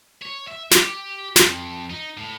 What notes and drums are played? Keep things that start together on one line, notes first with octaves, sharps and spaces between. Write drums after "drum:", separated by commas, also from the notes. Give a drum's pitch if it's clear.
C#5
E5
G4, drum: snare
F2, drum: snare
D#4
A2